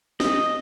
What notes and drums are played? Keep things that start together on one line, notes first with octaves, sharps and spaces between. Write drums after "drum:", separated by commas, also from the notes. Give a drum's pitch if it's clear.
D#5, drum: snare